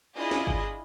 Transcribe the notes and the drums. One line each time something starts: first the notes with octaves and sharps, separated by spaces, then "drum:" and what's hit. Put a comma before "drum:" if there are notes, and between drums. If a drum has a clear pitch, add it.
D4 E4 F4 G#4 D#5
drum: snare
drum: kick G1